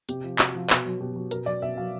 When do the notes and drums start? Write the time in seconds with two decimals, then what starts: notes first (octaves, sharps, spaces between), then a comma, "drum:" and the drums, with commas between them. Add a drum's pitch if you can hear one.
0.09 C3 G4, drum: hi-hat
0.24 F3
0.39 C3 F#4, drum: clap
0.55 F3
0.70 B2, drum: clap
0.85 F#3
1.01 B2 G4
1.16 F#3
1.31 B2 A#4, drum: hi-hat
1.46 F#3 D5
1.62 B2 E5
1.77 F#3 F5